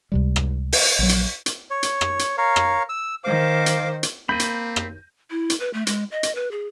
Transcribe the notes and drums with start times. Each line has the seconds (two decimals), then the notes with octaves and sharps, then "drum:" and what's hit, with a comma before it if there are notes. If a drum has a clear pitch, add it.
0.12 C#2 C3 G3
0.36 drum: rim click
0.73 drum: open hi-hat
0.99 A#1 F#3
1.09 drum: hi-hat
1.46 drum: hi-hat
1.70 C#5
1.83 drum: hi-hat
2.01 drum: rim click
2.19 drum: hi-hat
2.38 A#4 C#5 F5
2.56 drum: rim click
2.89 E6
3.24 D#3 C5 F5 D6
3.66 drum: hi-hat
4.03 drum: hi-hat
4.29 A#3 C4 B5 G6 A#6 D#7
4.40 drum: hi-hat
4.76 drum: rim click
5.31 E4
5.50 drum: hi-hat
5.60 B4
5.74 A3
5.87 G#3, drum: hi-hat
6.12 D#5
6.23 drum: hi-hat
6.35 B4
6.51 G#4